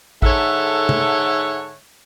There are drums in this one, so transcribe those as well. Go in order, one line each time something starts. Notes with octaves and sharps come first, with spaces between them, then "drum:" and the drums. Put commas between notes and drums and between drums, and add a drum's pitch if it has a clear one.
G#2 D3 A4 C#5 E5 F#5, drum: kick A1
drum: tom C3